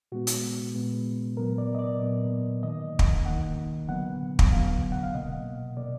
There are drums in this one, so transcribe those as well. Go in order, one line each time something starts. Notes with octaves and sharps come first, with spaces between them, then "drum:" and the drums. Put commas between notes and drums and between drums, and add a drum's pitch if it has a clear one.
A#2 G#3 B3 F#4
drum: hi-hat
A#2 G#3 B3
A#2 F#3 B3 A#4
D5
D#5
D5
A#2 F#3 B3 D5
D#3 A#3 D#5
drum: kick
D#3 A#3 F#5
D3 F#3 B3 F#5
drum: kick
D3 F#3 B3 F5
F#5
F5
B2 A#3 D#5
B2 A#3 D5